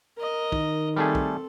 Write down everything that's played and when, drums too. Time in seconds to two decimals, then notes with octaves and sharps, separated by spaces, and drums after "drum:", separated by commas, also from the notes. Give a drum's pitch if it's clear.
0.18 A#4 D#5
0.52 D#3, drum: kick
0.96 G3 A3 C4 G#4 A4
1.15 drum: kick